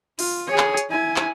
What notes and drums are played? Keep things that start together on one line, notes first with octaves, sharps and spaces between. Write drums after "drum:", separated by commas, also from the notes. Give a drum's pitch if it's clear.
F4, drum: open hi-hat
G#4 C#5
drum: clap
drum: hi-hat
E4 G#5
drum: clap